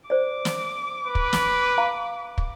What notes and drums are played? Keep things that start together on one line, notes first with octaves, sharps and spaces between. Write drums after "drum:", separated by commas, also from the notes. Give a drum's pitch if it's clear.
C5 D5 D6
drum: snare
B4
drum: kick
drum: snare
F5 A#5
drum: kick